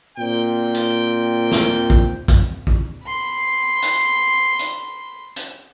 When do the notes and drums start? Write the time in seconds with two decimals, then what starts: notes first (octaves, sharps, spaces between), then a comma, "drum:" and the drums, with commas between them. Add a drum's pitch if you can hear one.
0.18 A#2 C4 G5
0.75 drum: hi-hat
1.51 drum: snare
1.90 drum: kick A#1
2.28 drum: kick A#1, hi-hat
2.67 drum: kick A#1
3.05 B5 C6
3.82 drum: hi-hat
4.59 drum: hi-hat
5.36 drum: hi-hat